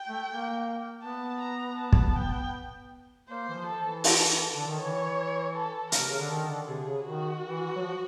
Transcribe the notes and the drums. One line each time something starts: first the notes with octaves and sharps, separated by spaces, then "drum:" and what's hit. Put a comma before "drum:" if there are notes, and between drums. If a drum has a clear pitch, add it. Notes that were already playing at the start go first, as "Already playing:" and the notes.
Already playing: G5
A3
A#3
B3 A5
A#5
A5
drum: kick
G5
A#3 C5
E3
F3
A4
E3
A4, drum: open hi-hat
A4
D3
D#3
E3 C#5
A4
A#4, drum: hi-hat
C3
C#3
D3
D#3 A4
D3
C3 G#4
C#3
D#3 F#4
E3
F#3
F3